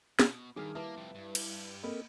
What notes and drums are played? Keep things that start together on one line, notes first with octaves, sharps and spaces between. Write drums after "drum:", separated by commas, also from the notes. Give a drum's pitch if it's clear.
B2, drum: snare
G2 D#3 G#4 G#5 D6 F6
G3 A#3 E4 B4 E5 A5 D6
F2 C3
G2
drum: cymbal
A#3 C4 A4 A#4 D#5 B5